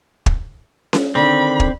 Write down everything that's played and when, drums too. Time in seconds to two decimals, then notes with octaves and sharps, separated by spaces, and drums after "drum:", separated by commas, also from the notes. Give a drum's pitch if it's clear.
0.26 drum: kick
0.93 drum: snare C#4
1.15 D3 D#3 C4 B5
1.60 drum: kick